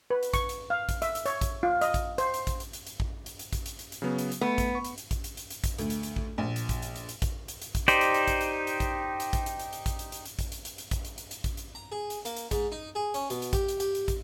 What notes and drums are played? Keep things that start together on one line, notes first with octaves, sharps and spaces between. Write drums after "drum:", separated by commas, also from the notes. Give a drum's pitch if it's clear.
B4
drum: hi-hat
C#6, drum: kick, hi-hat
drum: hi-hat
F5
drum: kick, hi-hat
E5, drum: hi-hat
drum: hi-hat
C#5, drum: hi-hat
drum: kick, hi-hat
F4
D#5, drum: hi-hat
drum: kick, hi-hat
C5, drum: hi-hat
drum: hi-hat
drum: kick, hi-hat
drum: hi-hat
drum: hi-hat
drum: hi-hat
drum: kick
drum: hi-hat
drum: hi-hat
drum: kick, hi-hat
drum: hi-hat
drum: hi-hat
drum: hi-hat
C#3 F#3 B3
drum: hi-hat
drum: hi-hat
A3 B3
drum: kick, hi-hat
C#6
drum: hi-hat
drum: hi-hat
drum: kick, hi-hat
drum: hi-hat
drum: hi-hat
drum: hi-hat
drum: kick, hi-hat
D2, drum: hi-hat
drum: hi-hat
drum: hi-hat
drum: kick
A#1
drum: hi-hat
drum: kick, hi-hat
drum: hi-hat
drum: hi-hat
drum: hi-hat
drum: kick, hi-hat
drum: hi-hat
drum: hi-hat
drum: kick, hi-hat
D#4 G4 C5 D5, drum: hi-hat
drum: hi-hat
drum: hi-hat
drum: kick, hi-hat
drum: hi-hat
drum: hi-hat
drum: kick, hi-hat
drum: hi-hat
drum: kick, hi-hat
drum: hi-hat
drum: hi-hat
drum: hi-hat
drum: kick, hi-hat
drum: hi-hat
drum: hi-hat
drum: hi-hat
drum: kick, hi-hat
drum: hi-hat
drum: hi-hat
drum: hi-hat
drum: kick, hi-hat
drum: hi-hat
drum: hi-hat
drum: hi-hat
drum: kick, hi-hat
drum: hi-hat
A#5
G#4
drum: hi-hat
A#3, drum: hi-hat
drum: hi-hat
G#2, drum: kick, hi-hat
D#4
G#4
C#4, drum: hi-hat
B2, drum: hi-hat
drum: hi-hat
G4, drum: kick, hi-hat
drum: hi-hat
G4, drum: hi-hat
drum: hi-hat
drum: kick, hi-hat